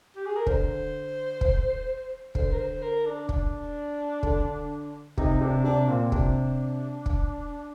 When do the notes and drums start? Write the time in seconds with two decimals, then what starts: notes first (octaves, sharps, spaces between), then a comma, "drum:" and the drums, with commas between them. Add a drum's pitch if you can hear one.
0.16 G4
0.26 G#4
0.36 A#4
0.47 D3 C5, drum: kick
1.41 drum: kick
2.35 D3 C5, drum: kick
2.52 A#4
2.58 C5
2.82 A#4
3.06 D4
3.29 D4, drum: kick
4.23 D3, drum: kick
5.17 C3 D#4, drum: kick
5.41 C3 D4
5.64 C3 D4
5.88 A#2 C4
6.12 C3 D4, drum: kick
7.06 drum: kick